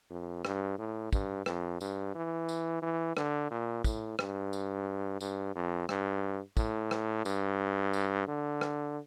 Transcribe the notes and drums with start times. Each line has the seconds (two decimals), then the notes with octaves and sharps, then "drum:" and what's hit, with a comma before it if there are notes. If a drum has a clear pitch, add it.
0.10 F2
0.45 G2, drum: rim click
0.78 A2
1.13 G2, drum: kick, tambourine
1.46 F2, drum: rim click
1.81 G2, drum: tambourine
2.15 E3
2.49 drum: tambourine
2.82 E3
3.17 D3, drum: rim click
3.51 A#2
3.84 A2, drum: kick, tambourine
4.19 G2, drum: rim click
4.53 drum: tambourine
5.21 G2, drum: tambourine
5.55 F2
5.89 G2, drum: rim click
6.57 A2, drum: kick, tambourine
6.91 drum: rim click
7.25 G2, drum: tambourine
7.93 drum: tambourine
8.28 D3
8.61 drum: rim click